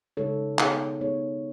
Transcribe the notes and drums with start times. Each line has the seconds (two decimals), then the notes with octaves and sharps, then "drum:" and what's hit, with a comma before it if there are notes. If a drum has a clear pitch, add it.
0.17 C#3 G#3 D#4 A4 C#5
0.59 B3 D#4 G#4 C#5, drum: clap
1.01 B3 D#4 G#4 C#5